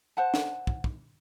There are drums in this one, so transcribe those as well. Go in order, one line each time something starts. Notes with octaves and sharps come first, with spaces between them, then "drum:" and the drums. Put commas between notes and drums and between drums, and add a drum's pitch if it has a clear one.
C5 F#5 A5
drum: snare
drum: kick
drum: kick